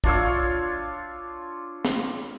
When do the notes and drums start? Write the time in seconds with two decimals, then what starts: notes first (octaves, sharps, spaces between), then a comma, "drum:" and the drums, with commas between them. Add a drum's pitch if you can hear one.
0.04 D4 F4 C#5 E6, drum: kick
1.85 drum: snare